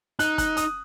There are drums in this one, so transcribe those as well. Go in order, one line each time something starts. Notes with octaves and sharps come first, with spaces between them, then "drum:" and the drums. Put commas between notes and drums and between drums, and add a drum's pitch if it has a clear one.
D#4 F#6, drum: hi-hat
F#6, drum: kick, hi-hat
D#6, drum: hi-hat